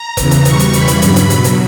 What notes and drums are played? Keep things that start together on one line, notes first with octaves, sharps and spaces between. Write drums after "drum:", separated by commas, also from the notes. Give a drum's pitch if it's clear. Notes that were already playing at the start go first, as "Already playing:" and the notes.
Already playing: A#5
E2 C#3 E3, drum: kick F1, hi-hat
drum: hi-hat
B2 G3 C#6, drum: hi-hat
drum: hi-hat
E2 C#3 E3 G3 B5, drum: hi-hat
drum: hi-hat
G2 F#3, drum: hi-hat
drum: hi-hat
B2 F#3, drum: hi-hat
drum: hi-hat